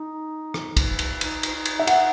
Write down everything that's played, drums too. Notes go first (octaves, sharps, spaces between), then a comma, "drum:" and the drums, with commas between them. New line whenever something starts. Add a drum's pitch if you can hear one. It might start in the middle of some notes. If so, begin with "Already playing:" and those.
Already playing: D#4
drum: rim click
drum: kick, cymbal
drum: cymbal
D#4, drum: cymbal
drum: cymbal
D#4
drum: cymbal
E5
D#4 F#5, drum: cymbal